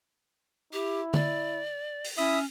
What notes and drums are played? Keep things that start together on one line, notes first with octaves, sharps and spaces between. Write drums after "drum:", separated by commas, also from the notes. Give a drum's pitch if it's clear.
E4 G4
D5, drum: tom D3
drum: open hi-hat
C#4 E4 E5 D#6